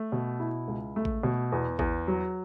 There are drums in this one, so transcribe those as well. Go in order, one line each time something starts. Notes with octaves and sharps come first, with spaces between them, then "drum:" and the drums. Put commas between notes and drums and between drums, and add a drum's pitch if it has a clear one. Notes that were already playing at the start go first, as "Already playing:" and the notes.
Already playing: A3
B2
E4
C#2
A3
drum: kick A1
B2
E2
E2, drum: kick A1
F#3